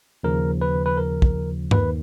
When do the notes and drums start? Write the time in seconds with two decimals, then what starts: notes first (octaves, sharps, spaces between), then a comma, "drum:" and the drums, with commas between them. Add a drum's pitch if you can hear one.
0.23 D#2 C#3 F3 A#4
0.61 B4
0.86 B4
0.97 A#4
1.22 drum: kick
1.71 D#2 D#3 B4, drum: tom G2